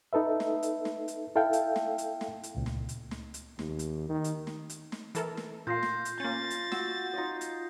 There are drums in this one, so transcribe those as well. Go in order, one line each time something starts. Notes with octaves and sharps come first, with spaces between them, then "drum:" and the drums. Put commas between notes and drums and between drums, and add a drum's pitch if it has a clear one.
D#4 A4 B4 E5
drum: snare
drum: hi-hat
drum: snare
drum: hi-hat
E4 A4 E5 F5 G5
drum: hi-hat
drum: snare
drum: hi-hat
drum: snare
drum: hi-hat
C#2 A#2
drum: snare
drum: hi-hat
drum: snare
drum: hi-hat
D#2, drum: snare
drum: hi-hat
D#3
drum: hi-hat
drum: snare
drum: hi-hat
drum: snare
E3 A4 A#4, drum: hi-hat
drum: snare
A#2 F4 G6 A#6 C7
drum: snare
drum: hi-hat
A#3 C#4 A6
drum: hi-hat
F#4 E6, drum: snare
D#4 F4 D#5
drum: hi-hat